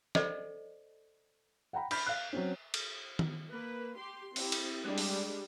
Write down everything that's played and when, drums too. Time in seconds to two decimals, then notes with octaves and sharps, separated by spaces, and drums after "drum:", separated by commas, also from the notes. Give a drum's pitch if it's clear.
0.15 A4 C5 D5 D#5, drum: snare
1.73 F#5 G5 A#5 B5
1.91 B5 F6 G6 B6, drum: cymbal
2.07 F5 F#6
2.33 F#3 C4 C#4
2.74 drum: cymbal
3.19 drum: tom
3.51 A#3 B4
3.97 G4 C6
4.36 C4 E4 G4, drum: open hi-hat
4.52 drum: cymbal
4.84 G3 G#3 D4
4.98 drum: open hi-hat